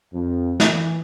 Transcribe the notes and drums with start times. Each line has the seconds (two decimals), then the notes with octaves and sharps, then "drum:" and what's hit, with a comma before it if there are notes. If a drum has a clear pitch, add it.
0.13 F2
0.60 E3, drum: snare